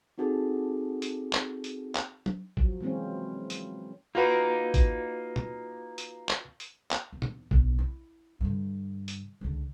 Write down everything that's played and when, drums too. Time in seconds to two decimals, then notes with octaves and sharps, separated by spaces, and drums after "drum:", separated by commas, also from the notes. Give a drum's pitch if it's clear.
0.18 C4 D#4 F#4 G#4 A4
1.02 drum: hi-hat
1.33 drum: clap
1.64 drum: hi-hat
1.95 drum: clap
2.26 drum: tom
2.57 F3 F#3, drum: kick G#1
2.81 E3 G#3 A#3 C4 C#4
3.50 drum: hi-hat
4.15 A#3 D#4 F4 F#4 B4
4.74 drum: kick G#1, hi-hat
5.36 drum: tom A#2
5.98 drum: hi-hat
6.29 drum: clap
6.60 drum: hi-hat
6.91 drum: clap
7.13 E2
7.22 drum: tom A#2
7.51 B1 D3, drum: kick G#1
7.79 E4
8.41 G2 D3
9.08 drum: hi-hat
9.41 C#2 D3